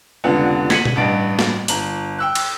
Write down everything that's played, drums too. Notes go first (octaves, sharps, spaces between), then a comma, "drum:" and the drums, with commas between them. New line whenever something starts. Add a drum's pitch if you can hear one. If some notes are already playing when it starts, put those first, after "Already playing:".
F1 C#2 D3 B3 F#5
G#6 B6 C#7 D#7 F#7, drum: snare
drum: tom B2
A1 G2 A6 D7
drum: snare
G1 A#5 F#7, drum: hi-hat
G5 E6 F#6
drum: cymbal